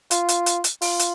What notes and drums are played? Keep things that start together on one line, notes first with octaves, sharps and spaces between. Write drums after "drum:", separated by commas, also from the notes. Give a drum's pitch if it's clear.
F4, drum: hi-hat
drum: hi-hat
drum: hi-hat
drum: hi-hat
F4, drum: open hi-hat
drum: hi-hat